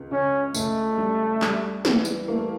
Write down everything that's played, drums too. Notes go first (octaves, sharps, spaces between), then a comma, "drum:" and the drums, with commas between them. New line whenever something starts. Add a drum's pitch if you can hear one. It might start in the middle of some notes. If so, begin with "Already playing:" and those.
Already playing: C#2
C#3 C#4
C#2 A3, drum: tambourine
G3
G3, drum: clap
E3, drum: snare
drum: tambourine
A3 A#3